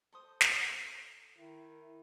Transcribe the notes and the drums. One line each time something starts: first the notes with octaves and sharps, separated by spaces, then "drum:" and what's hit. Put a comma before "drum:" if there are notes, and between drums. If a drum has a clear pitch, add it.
A4 C5 D#6
drum: snare
D#3 E4